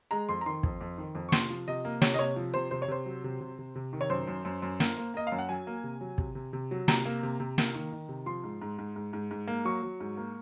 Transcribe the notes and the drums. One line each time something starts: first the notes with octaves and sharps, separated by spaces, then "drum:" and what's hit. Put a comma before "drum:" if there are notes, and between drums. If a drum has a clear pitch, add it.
G#3 A#5
F2 C6
A#5
D#3 C6
F2, drum: kick
F2
D#3
F2
C#6
C3 C6, drum: snare
F3
C3 D#5
A#3
C3 C#5, drum: snare
D#5
C3 C#5
F3
C3 C5
C3 C5
C#5
C3 C5
F#3
C3
C3
C3
C3
D#3
C#5
F#2 C5
F#2
F#2
F#2
A#3, drum: snare
A#3
A#3 D#5
F#2 F5
F#5
F#3 G#5
A#3
C3
F#3
C3, drum: kick
C3
C3
F#3
C3 A#5, drum: snare
A#3
C3
C3
A#3, drum: snare
D#3
D#3
C3
F3 C6
G#2
G#2
G#2
G#2
G#2
G#2
A#3
F#3 C#6
F#3
G#2
A#3